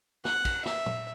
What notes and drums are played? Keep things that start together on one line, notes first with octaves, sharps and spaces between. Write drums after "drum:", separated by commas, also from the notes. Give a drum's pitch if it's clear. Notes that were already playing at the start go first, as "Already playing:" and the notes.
F#5, drum: snare
drum: kick, cymbal
E5, drum: snare
drum: tom A#2